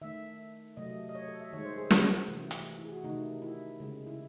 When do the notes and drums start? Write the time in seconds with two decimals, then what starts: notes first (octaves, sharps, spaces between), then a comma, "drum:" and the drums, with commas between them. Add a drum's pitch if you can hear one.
0.01 D#3 A3 E5
0.77 C3 F#3 A3 D#5
1.09 D#5
1.15 C#5
1.28 A4
1.41 E5
1.53 D#3 G#3 C#5
1.65 C5
1.78 G#4
1.90 F#4, drum: snare
2.28 C3 E3 A3
2.51 drum: hi-hat
2.79 E4
2.85 G#4
2.92 F#4
3.04 C3 D#3 A3 D#4
3.42 E4
3.80 C#3 G#3
4.07 E4